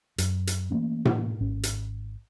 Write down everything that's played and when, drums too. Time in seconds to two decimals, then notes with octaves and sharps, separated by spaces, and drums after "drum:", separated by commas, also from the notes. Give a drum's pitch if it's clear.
0.18 F#2, drum: hi-hat
0.47 drum: hi-hat
0.71 E3 A3 A#3 C#4
1.05 drum: tom A2
1.41 G#1 C#4
1.63 drum: hi-hat